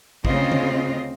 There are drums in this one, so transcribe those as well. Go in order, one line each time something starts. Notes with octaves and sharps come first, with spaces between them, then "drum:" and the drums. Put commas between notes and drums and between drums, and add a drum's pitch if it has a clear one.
D2 C#3 C4 F4 D#5, drum: kick
drum: tom D3